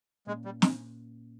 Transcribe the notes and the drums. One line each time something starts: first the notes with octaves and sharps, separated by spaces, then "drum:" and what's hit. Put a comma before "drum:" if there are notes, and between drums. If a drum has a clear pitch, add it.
A#2 G#3 A#3 C#4
G3
G#3, drum: snare